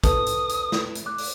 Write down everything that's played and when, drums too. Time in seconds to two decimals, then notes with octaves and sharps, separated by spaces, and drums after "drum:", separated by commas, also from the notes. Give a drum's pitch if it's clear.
0.04 A4 B4 A5 D#6, drum: kick, hi-hat
0.26 drum: hi-hat
0.49 drum: hi-hat
0.72 drum: snare
0.95 drum: hi-hat
1.06 D6 F#6
1.18 drum: open hi-hat